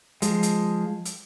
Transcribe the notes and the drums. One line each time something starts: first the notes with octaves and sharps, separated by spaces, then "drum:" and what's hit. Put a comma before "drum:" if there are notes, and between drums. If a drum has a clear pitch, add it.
F3 G#3, drum: hi-hat
drum: hi-hat
drum: hi-hat